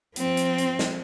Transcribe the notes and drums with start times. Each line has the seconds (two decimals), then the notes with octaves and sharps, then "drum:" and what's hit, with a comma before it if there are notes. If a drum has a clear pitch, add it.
0.16 F3 C4, drum: hi-hat
0.37 drum: hi-hat
0.58 drum: hi-hat
0.79 drum: snare